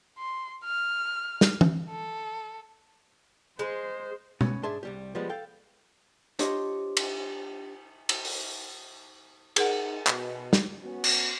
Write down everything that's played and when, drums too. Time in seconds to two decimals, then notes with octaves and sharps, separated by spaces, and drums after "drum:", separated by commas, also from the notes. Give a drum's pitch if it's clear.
0.18 C6
0.64 F6
1.41 drum: snare
1.61 drum: tom
1.90 A4
3.59 G#3 C5
4.41 B3 C#4, drum: tom
4.63 G#2 D4 G#4 E5 A5 C6
4.83 C2 G3 G4
5.15 F3 G3 G#3 B3
5.29 A4 F5 G5
6.39 D4 F4 G4 C5 C#5 D#5, drum: hi-hat
6.97 drum: cymbal
8.09 drum: cymbal
8.25 drum: open hi-hat
9.56 D#4 G#4 A#4 F#5, drum: cymbal
10.07 B2, drum: clap
10.53 drum: snare
10.82 B3 C#4 F#4
11.04 drum: cymbal